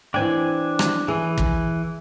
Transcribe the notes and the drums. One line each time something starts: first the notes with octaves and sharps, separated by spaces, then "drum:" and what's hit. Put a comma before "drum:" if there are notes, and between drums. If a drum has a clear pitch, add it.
E3 C4 D4 G5 G#5
drum: rim click
E3 G#4
drum: kick